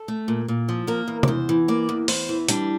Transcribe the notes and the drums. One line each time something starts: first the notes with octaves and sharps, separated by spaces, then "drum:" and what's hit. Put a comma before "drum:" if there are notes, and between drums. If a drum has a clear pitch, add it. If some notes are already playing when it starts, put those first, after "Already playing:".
Already playing: A4
A3
A#2
A#2
F3
A#3 A#4
E2
D5, drum: tom C3
E2 C5
E3
A#3 D5
E2
E2 C5, drum: open hi-hat
E3
G3 D4, drum: hi-hat